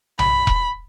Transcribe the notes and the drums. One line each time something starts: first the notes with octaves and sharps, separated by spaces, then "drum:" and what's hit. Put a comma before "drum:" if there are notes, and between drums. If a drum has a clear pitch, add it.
B5, drum: tom B1
drum: kick E1